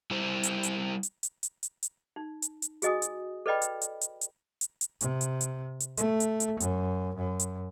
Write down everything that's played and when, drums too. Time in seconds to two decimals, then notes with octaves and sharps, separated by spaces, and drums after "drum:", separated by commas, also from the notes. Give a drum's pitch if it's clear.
0.11 G3 E4 C5
0.43 drum: hi-hat
0.63 drum: hi-hat
1.03 drum: hi-hat
1.23 drum: hi-hat
1.43 drum: hi-hat
1.63 drum: hi-hat
1.83 drum: hi-hat
2.16 D#4
2.42 drum: hi-hat
2.62 drum: hi-hat
2.82 F#4 G#4 D#5 G#5 D#6, drum: hi-hat
3.02 drum: hi-hat
3.46 A4 B4 D5 D#5 G5 B5
3.62 drum: hi-hat
3.81 drum: hi-hat
4.01 drum: hi-hat
4.21 drum: hi-hat
4.61 drum: hi-hat
4.81 drum: hi-hat
5.01 C3, drum: hi-hat
5.21 drum: hi-hat
5.41 drum: hi-hat
5.80 drum: hi-hat
5.97 A3, drum: hi-hat
6.20 drum: hi-hat
6.40 drum: hi-hat
6.60 F#2, drum: hi-hat
7.16 F#2
7.39 drum: hi-hat